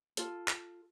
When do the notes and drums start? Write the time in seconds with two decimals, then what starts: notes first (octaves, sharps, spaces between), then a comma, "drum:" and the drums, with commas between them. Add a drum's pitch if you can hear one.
0.17 F4 A4, drum: hi-hat
0.48 drum: clap